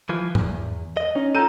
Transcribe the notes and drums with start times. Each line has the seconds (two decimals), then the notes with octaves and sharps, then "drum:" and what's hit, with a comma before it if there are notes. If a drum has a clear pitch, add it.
0.09 E3 F3
0.35 B1 E2, drum: tom G#2
0.97 D#5
1.15 C#4 D#4
1.35 F4 A4 A#5 G6 D#7